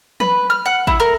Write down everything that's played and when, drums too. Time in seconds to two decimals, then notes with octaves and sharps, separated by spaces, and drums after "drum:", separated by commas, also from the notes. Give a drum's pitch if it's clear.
0.20 B4, drum: tom E3
0.50 F6
0.66 F#5
0.87 E4, drum: kick G#1
1.00 A#4